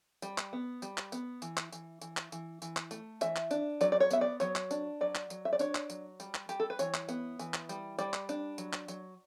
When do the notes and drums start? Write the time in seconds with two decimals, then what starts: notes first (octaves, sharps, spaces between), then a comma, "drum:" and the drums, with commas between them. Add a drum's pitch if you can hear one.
0.22 G3, drum: tambourine
0.38 drum: clap
0.53 B3
0.82 G3, drum: tambourine
0.98 drum: clap
1.12 B3, drum: tambourine
1.42 E3, drum: tambourine
1.57 drum: clap
1.72 E3, drum: tambourine
2.01 E3, drum: tambourine
2.17 drum: clap
2.32 E3, drum: tambourine
2.62 E3, drum: tambourine
2.77 drum: clap
2.91 A3, drum: tambourine
3.21 E3 E5, drum: tambourine
3.36 drum: clap
3.51 D4, drum: tambourine
3.81 F#3 D5, drum: tambourine
3.92 D5
4.00 C#5
4.11 B3 E5, drum: tambourine
4.21 D5
4.40 F#3 C#5, drum: tambourine
4.55 drum: clap
4.71 D4, drum: tambourine
5.01 F#3 D5
5.15 drum: clap
5.30 F#3, drum: tambourine
5.45 E5
5.53 D5
5.59 D4 C#5, drum: tambourine
5.75 drum: clap
5.90 F#3, drum: tambourine
6.20 G3, drum: tambourine
6.34 drum: clap
6.49 G3 G4, drum: tambourine
6.60 A4
6.70 B4
6.79 E3 C#5, drum: tambourine
6.94 drum: clap
7.09 B3, drum: tambourine
7.39 E3, drum: tambourine
7.54 drum: clap
7.69 G3, drum: tambourine
7.98 G3 D5, drum: tambourine
8.13 drum: clap
8.29 D4, drum: tambourine
8.58 F#3, drum: tambourine
8.73 drum: clap
8.88 F#3, drum: tambourine